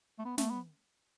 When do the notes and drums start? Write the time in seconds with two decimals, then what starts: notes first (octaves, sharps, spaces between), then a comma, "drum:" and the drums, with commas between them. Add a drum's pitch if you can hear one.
0.19 A3
0.25 B3
0.38 A3, drum: snare
0.50 B3